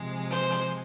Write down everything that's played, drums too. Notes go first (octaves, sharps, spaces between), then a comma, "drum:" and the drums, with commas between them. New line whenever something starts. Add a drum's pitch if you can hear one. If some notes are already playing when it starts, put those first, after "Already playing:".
Already playing: C3 F3 G#3
C5, drum: hi-hat
drum: hi-hat